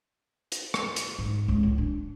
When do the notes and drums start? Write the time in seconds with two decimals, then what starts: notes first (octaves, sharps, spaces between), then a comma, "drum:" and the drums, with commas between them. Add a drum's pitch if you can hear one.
0.52 drum: hi-hat
0.74 drum: rim click
0.96 drum: hi-hat
1.19 G#2
1.48 C#2
1.63 A2
1.78 D4